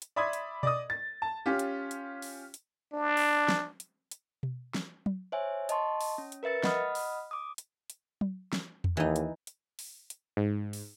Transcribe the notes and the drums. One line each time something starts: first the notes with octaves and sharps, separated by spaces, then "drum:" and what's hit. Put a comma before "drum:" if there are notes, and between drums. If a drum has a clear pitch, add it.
drum: hi-hat
D5 E5 B5 C6 D#6 G#6
drum: hi-hat
D5 D#5 D#6, drum: tom B2
A6
A5
C#4 F4 G4
drum: hi-hat
drum: hi-hat
drum: open hi-hat
drum: hi-hat
D4
drum: open hi-hat
drum: snare
drum: hi-hat
drum: hi-hat
drum: tom B2
drum: snare
drum: tom F#3
C5 C#5 E5 G#5
D#5 A5 C6 C#6, drum: hi-hat
drum: open hi-hat
C#4
drum: hi-hat
A#4 B4 E5 A6 C#7
D#5 F#5 B5 D#6 F6, drum: snare
drum: open hi-hat
D6 D#6
drum: hi-hat
drum: hi-hat
drum: tom F#3
drum: snare
drum: tom E2
D#2 E3 D#4
drum: hi-hat
drum: hi-hat
drum: open hi-hat
drum: hi-hat
G#2
drum: open hi-hat